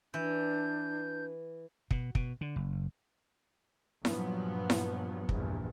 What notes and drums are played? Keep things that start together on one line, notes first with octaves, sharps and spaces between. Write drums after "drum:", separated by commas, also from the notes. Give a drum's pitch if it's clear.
E3 D4 G6
B2, drum: kick
B2, drum: kick
D3
F#1
G2 A#2 F3 F#3 B3, drum: snare E4
drum: snare E4
A#1 E2 G2 A#2, drum: kick